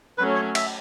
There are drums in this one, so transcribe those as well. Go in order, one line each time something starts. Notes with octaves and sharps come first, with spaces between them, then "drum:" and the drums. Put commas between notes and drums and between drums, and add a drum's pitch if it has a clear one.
F#3 A3 C#4 B4
C#5
E5, drum: cymbal